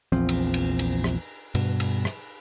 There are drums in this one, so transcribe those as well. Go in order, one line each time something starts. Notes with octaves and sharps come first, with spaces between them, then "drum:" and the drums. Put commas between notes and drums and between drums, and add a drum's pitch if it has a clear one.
A#1 E2 F3 C4
drum: cymbal
drum: cymbal
drum: cymbal
drum: rim click
G2 B2, drum: cymbal
drum: cymbal
drum: rim click